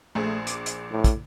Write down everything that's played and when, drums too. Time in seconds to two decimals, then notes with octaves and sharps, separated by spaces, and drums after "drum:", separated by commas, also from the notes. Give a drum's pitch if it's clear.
0.15 A#1 A3 G#4 C5
0.47 D6, drum: hi-hat
0.66 drum: hi-hat
0.92 A2
1.04 drum: kick, hi-hat